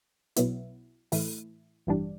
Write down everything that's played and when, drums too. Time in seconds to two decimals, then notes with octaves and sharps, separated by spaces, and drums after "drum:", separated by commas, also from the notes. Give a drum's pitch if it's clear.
0.36 B1 B2 F#3 B3 E4, drum: hi-hat
1.12 A2 E3 A3 E4, drum: open hi-hat
1.87 A1 G2 E3 G3 D4